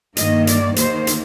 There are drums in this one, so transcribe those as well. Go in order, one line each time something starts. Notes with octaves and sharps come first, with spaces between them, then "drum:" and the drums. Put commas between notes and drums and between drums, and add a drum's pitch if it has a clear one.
G2 D#3 A#3 D#5, drum: hi-hat
D5, drum: hi-hat
D#2 D#3 A#3 C5, drum: hi-hat
drum: hi-hat